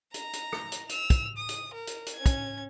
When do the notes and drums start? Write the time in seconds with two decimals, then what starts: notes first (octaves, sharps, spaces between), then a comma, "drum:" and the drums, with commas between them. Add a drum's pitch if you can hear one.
0.14 A#5, drum: hi-hat
0.33 drum: hi-hat
0.53 drum: rim click
0.72 drum: hi-hat
0.89 E6 F7, drum: hi-hat
1.10 drum: kick, hi-hat
1.38 D#6
1.49 drum: hi-hat
1.74 A#4
1.87 drum: hi-hat
2.06 drum: hi-hat
2.16 C#4 G#6
2.26 drum: kick, hi-hat